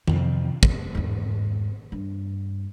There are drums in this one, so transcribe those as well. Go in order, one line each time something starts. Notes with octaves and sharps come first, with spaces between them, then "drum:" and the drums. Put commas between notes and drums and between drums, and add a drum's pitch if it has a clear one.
F2 C3, drum: tom D#3
D#1, drum: kick
E2 G#2
G2